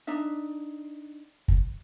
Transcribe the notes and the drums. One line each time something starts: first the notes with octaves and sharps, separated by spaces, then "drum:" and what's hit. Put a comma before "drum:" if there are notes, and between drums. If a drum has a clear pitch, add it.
D4 D#4 E5
drum: kick